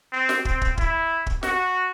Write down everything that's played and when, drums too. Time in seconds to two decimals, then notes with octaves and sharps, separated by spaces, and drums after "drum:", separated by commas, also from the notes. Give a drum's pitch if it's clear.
0.13 C4
0.29 drum: snare
0.45 C4, drum: kick
0.61 drum: kick
0.78 E4, drum: kick
1.26 drum: kick
1.43 F#4, drum: snare